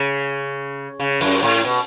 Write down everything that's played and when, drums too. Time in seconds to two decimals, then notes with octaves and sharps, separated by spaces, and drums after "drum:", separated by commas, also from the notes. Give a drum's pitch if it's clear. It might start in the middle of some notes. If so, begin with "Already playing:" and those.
Already playing: C#3
1.00 C#3
1.21 F#2, drum: open hi-hat
1.43 A2
1.65 B2